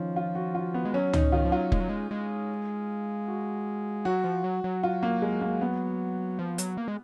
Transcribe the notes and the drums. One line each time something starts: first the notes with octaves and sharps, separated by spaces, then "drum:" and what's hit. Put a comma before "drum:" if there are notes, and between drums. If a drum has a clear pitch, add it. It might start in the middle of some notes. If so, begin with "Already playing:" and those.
Already playing: D#3 F3 C#4
F4
F#4
F4
B3
G#3
F#3 C#4
D#4, drum: tom C#2
D#3 F4
F3
F#3 F4
G#3, drum: kick
F#3
G#3
G#3
F#4
F#3 F#4
F3
F#3
F#3
F4
A#3
G#3
A#3
B3
F3
F#3, drum: hi-hat
A#3
G#3